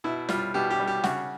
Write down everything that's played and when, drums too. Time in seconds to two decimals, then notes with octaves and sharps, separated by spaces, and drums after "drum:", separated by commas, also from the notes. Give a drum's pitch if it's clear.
0.04 B2 E4
0.29 G3 F4, drum: snare
0.54 B2 G4
0.70 G4
0.80 G3
0.87 G4
1.04 C#3 F#4, drum: snare